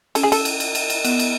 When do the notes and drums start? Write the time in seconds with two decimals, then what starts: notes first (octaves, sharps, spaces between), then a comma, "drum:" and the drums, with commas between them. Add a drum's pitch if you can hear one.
0.15 C#4 A4, drum: cymbal
0.23 G#4
0.32 A4, drum: cymbal
0.45 drum: cymbal
0.60 drum: cymbal
0.75 drum: cymbal
0.90 drum: cymbal
1.04 B3, drum: cymbal
1.19 drum: cymbal